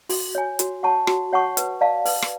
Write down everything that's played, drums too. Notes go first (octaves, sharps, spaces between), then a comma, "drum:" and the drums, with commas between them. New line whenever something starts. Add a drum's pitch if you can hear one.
F#4, drum: open hi-hat
C#5 G#5
F#4, drum: hi-hat
C#5 F#5 A5 C#6
F#4, drum: rim click
C#5 F#5 A5 C#6
B4, drum: hi-hat
D5 F5 A5
B4, drum: open hi-hat
drum: rim click